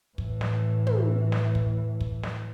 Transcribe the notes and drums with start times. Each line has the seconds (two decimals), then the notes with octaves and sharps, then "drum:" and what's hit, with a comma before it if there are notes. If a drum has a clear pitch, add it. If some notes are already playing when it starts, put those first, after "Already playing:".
0.18 A2 E3, drum: kick
0.41 drum: snare
0.87 drum: tom
1.32 drum: snare
1.55 drum: kick
2.01 drum: kick
2.23 drum: snare